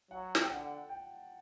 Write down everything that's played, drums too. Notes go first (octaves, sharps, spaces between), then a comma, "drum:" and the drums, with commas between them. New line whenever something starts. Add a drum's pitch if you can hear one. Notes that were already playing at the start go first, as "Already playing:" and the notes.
F#3 F#5
A5, drum: snare
G5
D3 F#5
G5